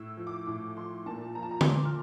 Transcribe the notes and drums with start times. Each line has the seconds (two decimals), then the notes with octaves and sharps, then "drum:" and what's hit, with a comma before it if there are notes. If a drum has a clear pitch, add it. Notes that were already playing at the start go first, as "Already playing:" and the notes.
Already playing: A2 E6
0.17 F3
0.27 D6
0.47 A2 D6
0.76 F3 C6
1.06 A#2 A5
1.35 F3 A#5
1.42 A5
1.51 A#5
1.61 D6, drum: tom D3
1.64 A#2 C6
1.85 F6